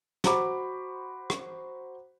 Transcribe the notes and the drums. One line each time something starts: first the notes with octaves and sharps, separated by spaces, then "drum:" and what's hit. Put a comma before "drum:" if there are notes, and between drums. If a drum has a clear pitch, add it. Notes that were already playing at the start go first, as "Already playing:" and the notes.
F#4 C5 A#5 B5 D6, drum: snare
drum: rim click